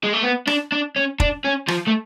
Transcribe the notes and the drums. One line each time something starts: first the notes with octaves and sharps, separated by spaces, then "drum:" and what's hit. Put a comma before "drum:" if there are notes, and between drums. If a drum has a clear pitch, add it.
G#3
A3
B3
D4, drum: rim click
D4
C#4
D4, drum: kick
C#4
F3, drum: rim click
A3